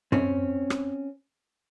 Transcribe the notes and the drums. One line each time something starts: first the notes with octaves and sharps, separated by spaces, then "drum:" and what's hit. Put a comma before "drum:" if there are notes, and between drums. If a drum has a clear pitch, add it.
C4 C#4, drum: tom F#2
drum: rim click